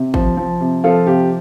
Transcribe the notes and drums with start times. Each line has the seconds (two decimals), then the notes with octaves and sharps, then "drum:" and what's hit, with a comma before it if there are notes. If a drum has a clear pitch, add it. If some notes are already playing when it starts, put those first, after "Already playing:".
Already playing: C3
0.14 F3, drum: kick G#1
0.37 F3
0.61 C3
0.84 F3 F4 A4
1.06 C3 G4